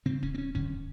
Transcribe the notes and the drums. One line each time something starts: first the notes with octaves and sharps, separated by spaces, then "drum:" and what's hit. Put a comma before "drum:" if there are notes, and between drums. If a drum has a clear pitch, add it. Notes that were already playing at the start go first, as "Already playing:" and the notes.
F#2 C#3 C4
C#4, drum: kick D1
C4
C#4
F#2 D3 C#4, drum: kick D1